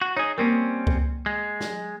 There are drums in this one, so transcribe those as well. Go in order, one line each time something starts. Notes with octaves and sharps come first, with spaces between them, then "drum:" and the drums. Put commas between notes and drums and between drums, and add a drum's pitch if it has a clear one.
F#4
D#4 G#4 C#5
G3 A#3 C4 C#4 A#4
drum: kick C#2
G#3
drum: snare